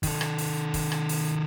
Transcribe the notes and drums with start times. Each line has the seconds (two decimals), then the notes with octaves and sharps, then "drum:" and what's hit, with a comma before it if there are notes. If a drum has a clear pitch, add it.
0.03 D#3 A4, drum: kick, open hi-hat
0.21 drum: rim click
0.38 drum: open hi-hat
0.74 drum: kick, open hi-hat
0.92 drum: rim click
1.09 drum: open hi-hat